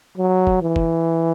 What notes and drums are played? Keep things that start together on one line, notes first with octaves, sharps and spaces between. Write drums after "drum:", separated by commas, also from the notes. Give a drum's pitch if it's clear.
F#3
drum: kick F1
E3
drum: kick F1